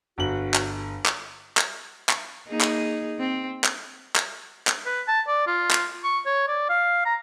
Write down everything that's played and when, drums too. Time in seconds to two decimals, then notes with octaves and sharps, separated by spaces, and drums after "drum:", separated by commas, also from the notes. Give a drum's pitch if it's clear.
0.18 G1 F#4 F#7
0.54 drum: clap
1.06 drum: clap
1.57 drum: clap
2.09 drum: clap
2.47 A#3 D#4 G#4
2.61 drum: clap
3.19 C4
3.64 drum: clap
4.16 drum: clap
4.67 drum: clap
4.86 B4
5.08 A5
5.28 D5
5.47 F4
5.71 drum: clap
6.04 C#6
6.26 C#5
6.48 D5
6.70 F5
7.06 A#5